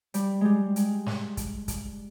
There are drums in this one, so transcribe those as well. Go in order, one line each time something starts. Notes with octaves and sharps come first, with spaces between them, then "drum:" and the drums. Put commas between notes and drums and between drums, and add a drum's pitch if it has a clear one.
G3, drum: hi-hat
G3 G#3
G#3, drum: hi-hat
drum: snare
drum: kick, hi-hat
drum: kick, hi-hat